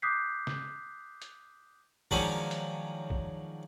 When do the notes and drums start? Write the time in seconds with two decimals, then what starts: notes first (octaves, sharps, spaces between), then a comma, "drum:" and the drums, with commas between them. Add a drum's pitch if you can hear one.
0.02 D6 D#6 F#6 G6 B6 C7
0.47 drum: snare
1.22 drum: hi-hat
2.11 D3 D#3 F3 F#3 G#3 C#4, drum: kick A#1
2.51 drum: hi-hat
3.10 drum: kick A#1